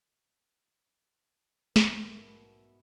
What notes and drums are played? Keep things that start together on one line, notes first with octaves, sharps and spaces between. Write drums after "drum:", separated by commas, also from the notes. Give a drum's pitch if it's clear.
A#1 G#2 B2 E3 G3 E4 A#4, drum: snare